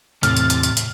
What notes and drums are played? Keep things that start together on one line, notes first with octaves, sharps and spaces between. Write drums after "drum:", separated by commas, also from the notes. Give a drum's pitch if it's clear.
E2 A2 C3 F6 A6, drum: hi-hat
drum: hi-hat
drum: hi-hat
drum: hi-hat
drum: hi-hat